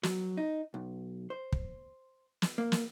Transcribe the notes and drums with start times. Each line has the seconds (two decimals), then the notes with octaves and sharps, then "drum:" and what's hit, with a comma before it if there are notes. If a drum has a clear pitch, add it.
0.03 F#3, drum: snare
0.37 D#4
0.74 B1
1.30 C5
1.52 drum: kick
2.42 drum: snare
2.58 A#3
2.72 drum: snare